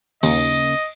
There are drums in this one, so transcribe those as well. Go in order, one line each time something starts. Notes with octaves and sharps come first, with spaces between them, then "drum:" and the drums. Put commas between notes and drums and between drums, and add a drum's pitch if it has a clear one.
D#2 C#3 A#3 D#5, drum: cymbal